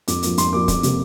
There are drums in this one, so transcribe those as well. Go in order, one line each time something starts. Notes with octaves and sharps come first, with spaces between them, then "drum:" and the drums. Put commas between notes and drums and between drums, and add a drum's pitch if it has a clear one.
F2 D6, drum: hi-hat
F3 A#3, drum: hi-hat
F2 C6, drum: hi-hat
F3 A#3 D6
F2 D6, drum: kick, hi-hat
C3 A#3, drum: hi-hat